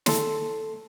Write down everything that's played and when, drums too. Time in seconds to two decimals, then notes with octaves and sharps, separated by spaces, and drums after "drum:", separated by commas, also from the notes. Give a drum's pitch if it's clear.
0.06 A4 C6, drum: snare